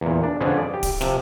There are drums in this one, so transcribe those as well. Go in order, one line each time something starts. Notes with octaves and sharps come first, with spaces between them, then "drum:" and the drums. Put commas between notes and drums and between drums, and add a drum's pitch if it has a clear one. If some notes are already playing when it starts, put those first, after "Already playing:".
E2 A#2
D4
F2 D3 F3 C#4 G#4 B4
D5
G4
drum: kick, open hi-hat
C3 F3, drum: snare